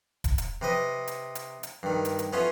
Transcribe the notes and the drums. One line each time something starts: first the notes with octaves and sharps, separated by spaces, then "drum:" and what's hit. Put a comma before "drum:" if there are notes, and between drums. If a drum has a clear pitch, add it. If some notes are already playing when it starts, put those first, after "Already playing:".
drum: kick D#1, hi-hat
drum: hi-hat
C3 B4 D#5
drum: hi-hat
drum: hi-hat
drum: hi-hat
G2 D#3
drum: hi-hat
drum: hi-hat
B3 C#4 E4 F4 A4